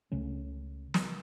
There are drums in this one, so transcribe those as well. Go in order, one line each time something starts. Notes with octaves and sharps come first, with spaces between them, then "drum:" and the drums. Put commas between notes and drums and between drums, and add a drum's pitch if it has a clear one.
C#2 C#3 A3 C#4
drum: snare